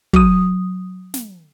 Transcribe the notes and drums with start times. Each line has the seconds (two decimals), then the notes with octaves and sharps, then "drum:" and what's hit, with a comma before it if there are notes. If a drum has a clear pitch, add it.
0.13 F#3 D#6, drum: kick
1.14 drum: snare